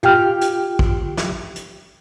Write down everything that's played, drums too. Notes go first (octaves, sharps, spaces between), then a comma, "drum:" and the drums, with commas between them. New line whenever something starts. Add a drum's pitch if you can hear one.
F4 G4 G5 F6, drum: tom
drum: hi-hat
drum: kick
drum: snare
drum: hi-hat